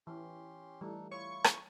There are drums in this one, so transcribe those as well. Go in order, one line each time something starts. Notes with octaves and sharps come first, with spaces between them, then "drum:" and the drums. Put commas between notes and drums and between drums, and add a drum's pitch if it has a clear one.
E3 C#4 G4 C6
E3 G3 A3 D4 D#4 A4
E4 F4 C#5 C#6
drum: rim click